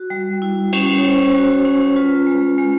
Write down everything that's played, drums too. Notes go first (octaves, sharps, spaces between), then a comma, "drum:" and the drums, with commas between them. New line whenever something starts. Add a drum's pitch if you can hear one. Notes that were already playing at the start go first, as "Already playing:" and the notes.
Already playing: F#4
G3
E4
C#4, drum: cymbal
C#5
C#4 C5
F#4
C#4
F4 B4
G#3
G#3